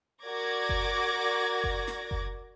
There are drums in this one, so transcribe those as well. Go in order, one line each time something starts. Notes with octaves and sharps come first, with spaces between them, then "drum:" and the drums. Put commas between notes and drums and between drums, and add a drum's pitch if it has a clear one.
F#4 A#4 D5 D6 G#6 A#6
drum: kick F#1
drum: kick F#1
drum: snare
drum: kick F#1